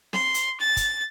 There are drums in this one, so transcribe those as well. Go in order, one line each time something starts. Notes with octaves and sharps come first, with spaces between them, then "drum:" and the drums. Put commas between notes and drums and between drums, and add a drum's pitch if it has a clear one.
C6, drum: snare C4
drum: hi-hat
A6
drum: kick, hi-hat